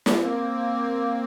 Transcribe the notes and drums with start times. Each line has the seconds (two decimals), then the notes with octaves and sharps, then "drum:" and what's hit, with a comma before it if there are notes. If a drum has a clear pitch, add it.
0.06 drum: snare
0.22 A#3 C4